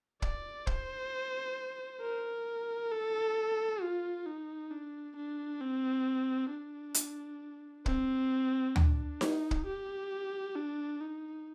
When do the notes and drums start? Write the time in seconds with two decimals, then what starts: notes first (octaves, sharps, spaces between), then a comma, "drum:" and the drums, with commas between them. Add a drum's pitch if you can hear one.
0.22 D5, drum: kick
0.67 C5, drum: kick
2.02 A#4
2.92 A4
3.81 F4
4.26 D#4
4.71 D4
5.16 D4
5.61 C4
6.50 D4
6.94 drum: hi-hat
7.86 C4, drum: kick
8.76 D4, drum: tom D2
9.21 D#4, drum: snare D#4
9.51 drum: kick
9.66 G4
10.55 D4
11.00 D#4